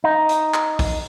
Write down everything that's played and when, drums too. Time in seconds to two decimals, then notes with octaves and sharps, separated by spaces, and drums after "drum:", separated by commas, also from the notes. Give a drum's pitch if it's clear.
0.04 D#4
0.29 drum: hi-hat
0.54 drum: clap
0.79 drum: kick, open hi-hat